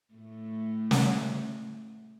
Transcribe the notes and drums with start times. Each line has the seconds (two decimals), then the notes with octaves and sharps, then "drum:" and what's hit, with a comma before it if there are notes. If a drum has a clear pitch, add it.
0.14 A2 A3
0.91 drum: snare